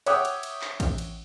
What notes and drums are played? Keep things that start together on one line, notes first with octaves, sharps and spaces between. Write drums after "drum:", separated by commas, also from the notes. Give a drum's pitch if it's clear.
C#5 E5 F#5 G5 D6 D#6, drum: cymbal
drum: cymbal
drum: cymbal
drum: clap
drum: kick A1, cymbal
drum: cymbal